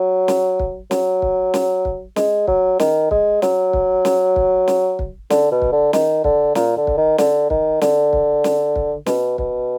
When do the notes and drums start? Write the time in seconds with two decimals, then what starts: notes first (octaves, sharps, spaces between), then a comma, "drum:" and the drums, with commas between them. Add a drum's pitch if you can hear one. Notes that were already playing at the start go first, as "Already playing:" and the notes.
Already playing: F#3
0.28 drum: snare
0.59 drum: kick
0.91 F#3, drum: snare
1.22 drum: kick
1.54 drum: snare
1.85 drum: kick
2.16 G#3, drum: snare
2.47 F#3, drum: kick
2.79 D#3, drum: snare
3.11 G#3, drum: kick
3.42 F#3, drum: snare
3.73 drum: kick
4.05 drum: snare
4.36 drum: kick
4.68 drum: snare
4.99 drum: kick
5.30 D3, drum: snare
5.51 B2
5.62 drum: kick
5.72 D3
5.93 D#3, drum: snare
6.24 D3, drum: kick
6.55 A#2, drum: snare
6.77 D3
6.87 drum: kick
6.97 D#3
7.18 D3, drum: snare
7.50 D#3, drum: kick
7.81 D3, drum: snare
8.13 drum: kick
8.44 drum: snare
8.76 drum: kick
9.06 B2, drum: snare
9.38 B2, drum: kick